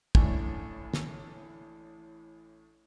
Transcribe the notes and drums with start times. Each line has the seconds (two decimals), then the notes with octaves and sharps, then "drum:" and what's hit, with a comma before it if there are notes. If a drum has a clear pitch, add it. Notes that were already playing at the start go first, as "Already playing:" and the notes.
0.15 A1 A2 A3 C#4 D4 G#5, drum: kick
0.94 drum: snare